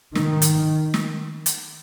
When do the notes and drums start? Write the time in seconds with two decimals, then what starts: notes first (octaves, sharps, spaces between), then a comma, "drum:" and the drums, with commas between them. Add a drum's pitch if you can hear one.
0.15 D#3, drum: snare
0.42 drum: hi-hat
0.94 drum: snare
1.46 drum: hi-hat